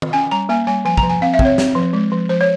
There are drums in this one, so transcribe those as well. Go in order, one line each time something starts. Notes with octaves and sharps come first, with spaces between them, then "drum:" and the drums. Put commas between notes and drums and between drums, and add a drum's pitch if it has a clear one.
drum: tom
C#4 G#5
G3 A#5
A#3 G#5
G3 G#5
F3 G#5
A#5, drum: kick
F3
G#5
C4 F5
E5
C4, drum: kick
C#5
C4, drum: snare
F3
G#3
F3
F3 C5
C#5